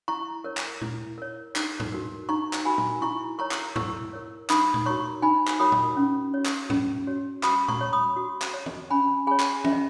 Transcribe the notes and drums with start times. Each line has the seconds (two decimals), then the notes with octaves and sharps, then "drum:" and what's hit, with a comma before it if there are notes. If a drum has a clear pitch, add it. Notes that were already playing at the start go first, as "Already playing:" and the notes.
0.08 E4 A#5 C#6
0.44 A#4 C#5
0.57 drum: clap
0.81 E4, drum: tom A#2
1.18 A#4 C#5
1.56 D#4, drum: clap
1.80 drum: tom G#2
1.92 F#4 A#4
2.29 D#4 A#5 C#6
2.53 drum: clap
2.65 F#4 A#4 G#5 B5
2.78 drum: tom A#2
3.02 E4 A#5 C#6
3.38 A#4 C#5 A#5 C#6
3.51 drum: clap
3.76 E4 C#6 E6, drum: tom G#2
4.13 A#4 C#5
4.50 D#4 B5 D#6, drum: clap
4.74 drum: tom A#2
4.86 F#4 A#4 C#5 A#5 C#6
5.22 D#4 G#5 B5
5.47 drum: clap
5.59 F#4 A#4 C#5 B5 D#6
5.72 drum: tom A#2
5.97 C#4
6.34 F#4 C#5
6.45 drum: clap
6.70 C#4, drum: tom G#2
7.07 F#4 C#5
7.43 F#4 B5 D#6, drum: clap
7.68 A#5 C#6, drum: tom A#2
7.81 C#5
7.93 B5 D#6
8.16 F#4
8.42 drum: clap
8.54 C#5
8.66 drum: tom
8.90 C#4 G#5 B5
9.27 G#4 C#5 G#5 B5
9.40 drum: clap
9.64 C#4 E5, drum: tom
9.72 D#5